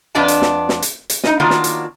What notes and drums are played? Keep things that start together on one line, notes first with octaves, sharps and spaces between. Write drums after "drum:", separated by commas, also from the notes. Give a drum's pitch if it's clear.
F2 B3 D4 D5 D#5 A5
drum: hi-hat
drum: snare
drum: snare
drum: hi-hat
drum: hi-hat
D#4 D#5, drum: snare
D#3 F#3 A#3 B3 D4 F4
drum: snare
drum: hi-hat